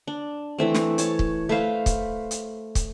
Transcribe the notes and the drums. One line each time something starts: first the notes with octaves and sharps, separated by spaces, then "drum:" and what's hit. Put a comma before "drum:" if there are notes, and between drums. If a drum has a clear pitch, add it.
D4
E3 A3 C4
drum: snare
C#5 A5, drum: hi-hat
drum: kick
A3 B4 C5 F5
drum: kick, hi-hat
drum: hi-hat
drum: kick, hi-hat